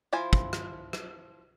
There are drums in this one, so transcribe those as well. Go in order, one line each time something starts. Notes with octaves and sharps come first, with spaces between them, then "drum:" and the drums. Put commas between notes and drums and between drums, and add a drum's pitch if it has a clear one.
F3 E4 C5 F5 G#5
drum: kick
drum: rim click
drum: rim click